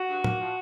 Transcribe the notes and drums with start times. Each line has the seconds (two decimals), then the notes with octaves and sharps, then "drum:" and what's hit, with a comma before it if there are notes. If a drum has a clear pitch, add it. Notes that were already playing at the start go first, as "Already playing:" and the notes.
Already playing: F#4
0.09 G2
0.24 A#3, drum: tom
0.40 F3